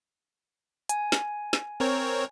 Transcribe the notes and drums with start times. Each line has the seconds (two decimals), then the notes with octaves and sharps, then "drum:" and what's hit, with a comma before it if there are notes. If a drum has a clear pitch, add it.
0.89 G#5, drum: hi-hat
1.12 drum: snare
1.53 drum: snare
1.80 C4 A#4 C#5